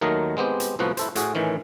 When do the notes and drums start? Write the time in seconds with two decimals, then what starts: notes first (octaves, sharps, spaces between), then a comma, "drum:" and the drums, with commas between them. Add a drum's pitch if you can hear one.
0.01 D#2 D#3 F#3 A3 A#4 D#5
0.37 G#3 B3 C4 G4
0.60 drum: hi-hat
0.79 C2 A2 F3 B3 F#4 F#5
0.97 E4 A4 C5, drum: hi-hat
1.15 A2 F#4 G#4, drum: hi-hat
1.35 A2 D#3 E3 C#4